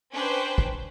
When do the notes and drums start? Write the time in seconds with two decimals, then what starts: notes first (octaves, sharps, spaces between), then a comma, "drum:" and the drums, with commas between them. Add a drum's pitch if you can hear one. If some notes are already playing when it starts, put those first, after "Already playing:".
0.11 C#4 D4 B4 C5 G5
0.58 drum: kick